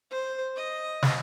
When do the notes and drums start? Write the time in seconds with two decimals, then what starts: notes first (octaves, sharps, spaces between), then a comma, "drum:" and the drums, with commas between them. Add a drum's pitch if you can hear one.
0.11 C5
0.56 D#5
1.02 drum: snare